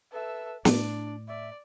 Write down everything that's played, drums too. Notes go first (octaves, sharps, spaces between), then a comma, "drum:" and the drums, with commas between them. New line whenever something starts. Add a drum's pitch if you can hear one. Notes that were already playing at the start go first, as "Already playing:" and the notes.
A4 B4 E5
A2 D4 D5, drum: snare
D5 E5